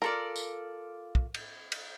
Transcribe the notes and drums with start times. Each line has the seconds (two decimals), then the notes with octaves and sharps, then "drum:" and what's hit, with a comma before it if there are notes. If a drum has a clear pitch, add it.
0.02 F4 A4 A#4 D5
0.36 drum: tambourine
1.15 drum: kick
1.34 drum: cymbal
1.72 drum: cymbal